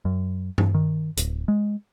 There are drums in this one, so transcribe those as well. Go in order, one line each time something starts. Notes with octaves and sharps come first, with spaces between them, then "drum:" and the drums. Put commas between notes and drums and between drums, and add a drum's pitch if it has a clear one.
F#2
drum: tom G2
D#3
D1, drum: hi-hat
G#3